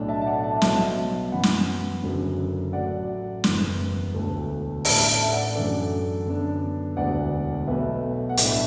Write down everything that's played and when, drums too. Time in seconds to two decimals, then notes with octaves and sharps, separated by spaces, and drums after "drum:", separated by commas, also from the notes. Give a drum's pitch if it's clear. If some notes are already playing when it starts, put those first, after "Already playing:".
Already playing: B1 A2 A3 D4
0.08 E5 A5
0.21 A5
0.26 D5 F#5
0.43 E5 A5
0.62 B1 B2 F#3 B3 E5 A5, drum: snare
1.32 F#2 E3 B3 F#5 B5
1.43 drum: snare
2.02 F#1 F#2 D3 F#3
2.73 A1 A2 F#3 D5 F#5
3.44 F#1 E2 E3 B3, drum: snare
4.14 E1 D2 D3 A3
4.85 A1 A2 A3 D4 E5 A5, drum: open hi-hat
5.08 E5 A5
5.32 D5 F#5
5.55 F#2 E3 A3 D4 A4 D5
6.26 F#2 D3 B3 D4
6.97 E1 D2 D3 D5 F#5
7.67 B1 B2 A3 B4 E5
8.29 F#5
8.37 B1 A2 A3 D4 B4 E5, drum: hi-hat